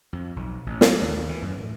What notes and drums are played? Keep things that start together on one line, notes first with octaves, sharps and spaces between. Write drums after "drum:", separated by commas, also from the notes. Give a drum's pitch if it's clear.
F2
B1
A1
F#3, drum: snare
D#2
E3
F#2
A2